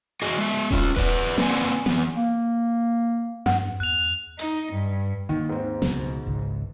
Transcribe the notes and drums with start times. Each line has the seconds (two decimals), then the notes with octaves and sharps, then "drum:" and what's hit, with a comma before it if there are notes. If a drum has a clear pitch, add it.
0.22 F#4 G#4 D#5
0.38 G#3 E5
0.71 C#4 F4, drum: kick D#1
0.96 B4 D5 F#5, drum: kick D#1
1.38 A#3 C4 B4 D5 F#5 G#5, drum: snare
1.86 E3 B3, drum: snare
2.15 A#3
3.46 G2 F#5, drum: snare
3.80 E2 F#6 F7
4.39 D#4, drum: hi-hat
4.72 G2
5.29 D#2 D#3
5.49 G#2 C4
5.82 C#2 B2, drum: snare
6.26 G#1 C#2